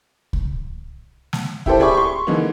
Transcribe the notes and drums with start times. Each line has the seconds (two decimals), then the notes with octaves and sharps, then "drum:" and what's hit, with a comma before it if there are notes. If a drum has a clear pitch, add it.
0.33 drum: kick C2
1.33 drum: snare
1.66 E4 G4 A4 C5 G5, drum: kick C2
1.80 G4 G#4 D5 E5 B5 C#6
1.94 C6 C#6
2.27 D3 E3 G#3 A#3 D#4